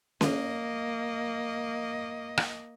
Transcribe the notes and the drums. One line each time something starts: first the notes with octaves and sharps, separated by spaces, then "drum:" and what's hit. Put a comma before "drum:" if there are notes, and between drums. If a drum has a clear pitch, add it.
A#3 D#5, drum: snare C#4
drum: rim click